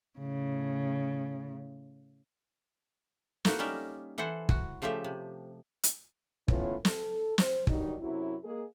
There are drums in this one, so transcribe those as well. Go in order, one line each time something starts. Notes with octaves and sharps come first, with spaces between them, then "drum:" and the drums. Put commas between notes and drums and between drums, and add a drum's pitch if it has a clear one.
A2 C#3
A3 A#3 D#4 E4 F#4, drum: snare
G3 C#4 D#4 A#4 D5 E5
E3 E4 A4 C5 F#5
F#4, drum: kick
C#3 F3 A3 G4 E5
C3
drum: hi-hat
A2 E3 B3 C#4 F4 C#5, drum: kick
A4, drum: snare
C5, drum: snare
G2 D#3 F#3 G3 D#4, drum: kick
F#2 C3 F#3 E4
G#3 A#3 G#4